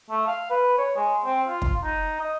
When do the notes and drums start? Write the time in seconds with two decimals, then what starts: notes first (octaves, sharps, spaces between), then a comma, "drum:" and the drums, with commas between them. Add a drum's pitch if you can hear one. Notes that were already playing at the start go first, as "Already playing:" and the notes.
0.10 A3
0.27 F5
0.50 B4
0.78 C#5
0.96 G#3
1.25 C4
1.48 F4
1.62 drum: kick
1.83 D#4
2.20 D#5